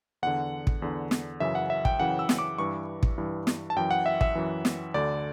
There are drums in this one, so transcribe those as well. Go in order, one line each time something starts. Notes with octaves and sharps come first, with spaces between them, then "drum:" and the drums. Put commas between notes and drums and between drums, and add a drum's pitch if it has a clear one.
E2 D3 F#5
drum: kick
E2 D3
drum: snare
F#2 C#3 E3 E5
F#5
E5
G5, drum: kick
F#2 C#3 E3 F#5
E6
drum: snare
D6
G2 E3 C#6
drum: kick
G2 E3
drum: snare
A5
F#2 E3 G5
F#5
E5
E5, drum: kick
F#2 E3
drum: snare
D2 D3 D5